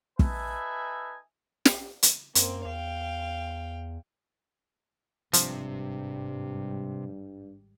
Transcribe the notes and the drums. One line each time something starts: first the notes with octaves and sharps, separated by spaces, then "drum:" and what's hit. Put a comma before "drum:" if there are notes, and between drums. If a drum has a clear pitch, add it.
D#4 A4 B4 E5 G#5, drum: kick
drum: snare
drum: hi-hat
F#2 A#3 C4, drum: hi-hat
E2 F5 G5
G#1 G2 C3 F3 G3, drum: hi-hat